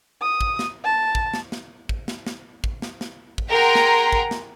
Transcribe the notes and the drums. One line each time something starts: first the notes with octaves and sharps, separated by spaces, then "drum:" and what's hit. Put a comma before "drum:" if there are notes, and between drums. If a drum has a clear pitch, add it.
D#6
drum: kick
drum: snare
A5
drum: kick
drum: snare
drum: snare
drum: kick
drum: snare
drum: snare
drum: kick
drum: snare
drum: snare
drum: kick
G#4 A#4 F#5 G5 A#5 C6
drum: snare
drum: kick
drum: snare